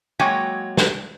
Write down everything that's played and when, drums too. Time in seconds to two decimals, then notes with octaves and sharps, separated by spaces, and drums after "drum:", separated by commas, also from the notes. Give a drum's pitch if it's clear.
0.19 F#3 G#3 A#3 F#4 G5 G#5
0.77 drum: snare